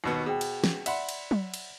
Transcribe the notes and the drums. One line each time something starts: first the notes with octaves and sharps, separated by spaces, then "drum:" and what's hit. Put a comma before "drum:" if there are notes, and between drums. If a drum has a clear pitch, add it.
D#2 B2 B3
B2 G#4 C5 G5
drum: cymbal
drum: snare
D5 E5 F#5 B5 C6, drum: cymbal
drum: cymbal
drum: tom F#3
drum: cymbal